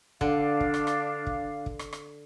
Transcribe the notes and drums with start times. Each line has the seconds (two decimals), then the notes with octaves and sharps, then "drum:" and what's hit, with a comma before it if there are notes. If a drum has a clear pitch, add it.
0.21 D3 D4 F5, drum: kick
0.60 drum: kick
0.74 drum: rim click
0.87 drum: rim click
1.27 drum: kick
1.66 drum: kick
1.79 drum: rim click
1.93 drum: rim click